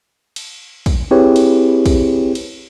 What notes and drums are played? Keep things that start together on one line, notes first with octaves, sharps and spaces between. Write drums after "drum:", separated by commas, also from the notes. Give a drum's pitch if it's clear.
drum: cymbal
drum: kick, cymbal
C4 E4 G4 G#4 B4 C#5
drum: cymbal
drum: kick, cymbal
drum: cymbal